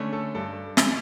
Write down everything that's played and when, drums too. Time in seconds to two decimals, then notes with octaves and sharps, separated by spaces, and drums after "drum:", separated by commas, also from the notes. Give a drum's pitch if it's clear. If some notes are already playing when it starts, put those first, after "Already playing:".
Already playing: D3 A3 C#4
0.13 A4
0.35 G2 A4
0.77 drum: snare